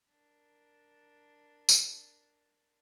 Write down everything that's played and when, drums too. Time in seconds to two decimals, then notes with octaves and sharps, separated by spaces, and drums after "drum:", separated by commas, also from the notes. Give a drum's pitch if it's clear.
0.11 D4 A#4
1.69 drum: tambourine